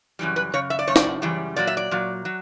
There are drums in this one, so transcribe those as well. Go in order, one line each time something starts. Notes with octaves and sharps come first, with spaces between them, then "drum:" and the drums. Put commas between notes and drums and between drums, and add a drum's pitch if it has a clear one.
F#2 C#3 E3 G3
B4
F#2 C#3 C#5
E5
D5
F#2 C#3 C#5
D5, drum: snare
F#2 C#3 E3 G3
A#2 F#3 D5
E5
D5
A#2 F#3
F#3